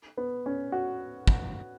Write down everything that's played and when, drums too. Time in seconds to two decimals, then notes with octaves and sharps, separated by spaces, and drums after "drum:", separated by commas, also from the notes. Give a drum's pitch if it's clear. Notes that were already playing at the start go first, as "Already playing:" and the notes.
0.17 B3
0.46 C#4
0.72 F#4
1.27 drum: kick